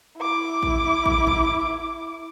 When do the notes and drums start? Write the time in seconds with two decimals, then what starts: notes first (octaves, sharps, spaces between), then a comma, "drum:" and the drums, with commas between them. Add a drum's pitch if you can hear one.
0.20 E4 D6
0.63 drum: kick
1.06 drum: kick
1.27 drum: kick